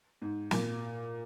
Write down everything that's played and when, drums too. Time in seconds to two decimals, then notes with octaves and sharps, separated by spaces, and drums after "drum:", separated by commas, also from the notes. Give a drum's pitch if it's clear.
0.22 G#2
0.51 A#2, drum: snare